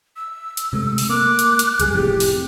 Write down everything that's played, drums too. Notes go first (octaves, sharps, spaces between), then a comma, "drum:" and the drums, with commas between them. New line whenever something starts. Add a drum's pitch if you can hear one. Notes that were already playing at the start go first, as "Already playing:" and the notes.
E6
drum: hi-hat
C3 G#3 A3
drum: open hi-hat
A#3 D6 F#6
drum: hi-hat
drum: hi-hat
C#2 F#2 G3 G#4, drum: hi-hat
F1 F2 A2 G4
drum: open hi-hat